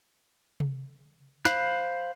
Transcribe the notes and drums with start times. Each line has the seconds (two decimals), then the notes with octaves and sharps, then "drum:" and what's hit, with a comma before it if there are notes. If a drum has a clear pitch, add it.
0.60 drum: tom C3
1.45 C5 F5 B5 F#6, drum: snare